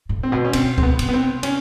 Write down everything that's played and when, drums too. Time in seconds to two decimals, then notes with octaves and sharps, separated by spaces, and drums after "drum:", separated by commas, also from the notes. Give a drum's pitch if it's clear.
0.09 A2
0.23 C4
0.32 B2
0.45 C#4
0.53 B2 C4, drum: cymbal
0.78 C4, drum: kick
0.83 B3
0.99 C3, drum: cymbal
1.09 B3
1.14 C4
1.43 C#4, drum: cymbal